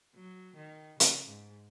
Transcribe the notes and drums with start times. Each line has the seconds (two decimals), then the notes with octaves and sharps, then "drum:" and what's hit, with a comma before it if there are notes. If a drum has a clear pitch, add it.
0.15 F#3
0.56 D#3
1.00 C#3, drum: hi-hat
1.28 G#2